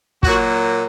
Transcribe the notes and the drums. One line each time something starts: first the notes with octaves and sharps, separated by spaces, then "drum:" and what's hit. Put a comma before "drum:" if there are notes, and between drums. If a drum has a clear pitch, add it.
A#2 F#3 A#3 F#4, drum: kick